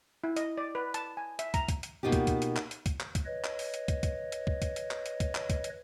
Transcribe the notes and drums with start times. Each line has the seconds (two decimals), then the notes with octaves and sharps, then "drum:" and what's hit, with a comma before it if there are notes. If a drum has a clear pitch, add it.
0.24 E4
0.36 D#5, drum: hi-hat
0.58 D5
0.75 B4
0.94 A5, drum: hi-hat
1.17 G#5
1.39 E5, drum: hi-hat
1.54 A#5, drum: kick, hi-hat
1.68 drum: kick, hi-hat
1.83 drum: hi-hat
2.03 B2 A#3 D#4 F4 G4
2.12 drum: kick, hi-hat
2.27 drum: kick, hi-hat
2.42 drum: hi-hat
2.56 drum: clap
2.71 drum: hi-hat
2.86 drum: kick, hi-hat
3.00 drum: clap
3.15 drum: kick, hi-hat
3.25 B4 C#5 D#5
3.44 drum: clap
3.59 drum: open hi-hat
3.74 drum: hi-hat
3.88 drum: kick, hi-hat
4.03 drum: kick, hi-hat
4.32 drum: hi-hat
4.47 drum: kick
4.62 drum: kick, hi-hat
4.76 drum: hi-hat
4.91 drum: clap
5.06 drum: hi-hat
5.20 drum: kick, hi-hat
5.35 drum: clap
5.50 drum: kick, hi-hat
5.64 drum: hi-hat